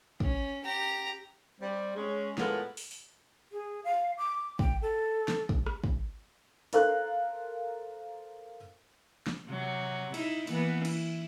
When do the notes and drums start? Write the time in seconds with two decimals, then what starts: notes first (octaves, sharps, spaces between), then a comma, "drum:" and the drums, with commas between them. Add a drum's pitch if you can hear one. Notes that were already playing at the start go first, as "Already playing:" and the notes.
0.20 C#4, drum: kick
0.64 G4 A#5
1.61 G3 C4
1.96 G#3 C#4
2.38 A2 G#3 B3 F4 A4 A#4, drum: snare
2.77 drum: open hi-hat
2.91 drum: open hi-hat
3.52 G#4
3.84 F5
4.18 D6
4.59 G5, drum: kick
4.82 A4
5.28 drum: snare
5.49 drum: kick
5.66 drum: rim click
5.84 drum: kick
6.73 A4 A#4 C5 F5 A#5 F#6, drum: hi-hat
9.27 drum: snare
9.47 C3 F#3
10.14 D#4 E4, drum: cymbal
10.47 E3 A#3 B3, drum: cymbal
10.85 E4, drum: cymbal